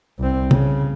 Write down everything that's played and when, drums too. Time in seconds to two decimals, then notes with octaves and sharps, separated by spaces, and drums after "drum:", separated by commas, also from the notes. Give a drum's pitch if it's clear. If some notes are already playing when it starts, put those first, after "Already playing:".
0.19 C2 C4
0.51 C#3, drum: tom